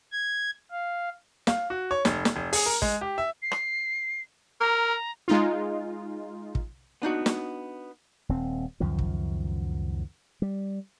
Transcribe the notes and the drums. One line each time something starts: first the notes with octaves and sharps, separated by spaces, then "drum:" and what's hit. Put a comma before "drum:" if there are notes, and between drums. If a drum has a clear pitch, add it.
G#6
F5
F5, drum: snare
F#4
C#5
F1, drum: snare
drum: snare
F1
G#4, drum: open hi-hat
A#4
G#3, drum: kick
G4
E5
C7
drum: rim click
A#4 A#5
G#3 D#4 F4
drum: kick
B3 D4 D#4 F#4
drum: snare
D#1 C4
C#2 F#2 D#3 F3
drum: kick
G3